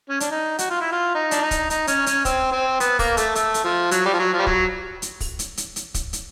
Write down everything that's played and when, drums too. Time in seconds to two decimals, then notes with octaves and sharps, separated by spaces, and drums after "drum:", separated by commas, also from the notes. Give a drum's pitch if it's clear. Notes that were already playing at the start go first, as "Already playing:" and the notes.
0.09 C#4
0.20 D4, drum: hi-hat
0.31 D#4
0.59 F#4, drum: hi-hat
0.70 F4
0.81 E4
0.92 F4
1.15 D#4
1.31 D4, drum: hi-hat
1.41 D#4
1.51 drum: kick, hi-hat
1.70 D#4, drum: hi-hat
1.87 C#4, drum: hi-hat
2.06 C#4, drum: hi-hat
2.25 C4, drum: kick, hi-hat
2.52 C4
2.80 B3, drum: hi-hat
2.99 A#3, drum: kick, open hi-hat
3.17 A3, drum: hi-hat
3.35 A3, drum: hi-hat
3.54 drum: hi-hat
3.64 F3
3.91 F#3, drum: hi-hat
4.05 G3
4.13 F3
4.19 F#3
4.33 F3
4.39 G3
4.47 F#3, drum: kick
5.02 drum: hi-hat
5.20 drum: kick, open hi-hat
5.39 drum: hi-hat
5.57 drum: hi-hat
5.76 drum: hi-hat
5.94 drum: kick, hi-hat
6.13 drum: hi-hat